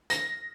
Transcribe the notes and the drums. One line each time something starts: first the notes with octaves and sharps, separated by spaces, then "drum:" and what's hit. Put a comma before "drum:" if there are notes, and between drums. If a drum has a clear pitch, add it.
A#6, drum: hi-hat